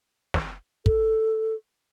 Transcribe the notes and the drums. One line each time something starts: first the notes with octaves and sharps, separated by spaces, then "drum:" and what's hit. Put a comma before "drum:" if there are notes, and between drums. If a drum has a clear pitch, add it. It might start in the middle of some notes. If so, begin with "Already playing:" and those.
drum: snare
A4, drum: kick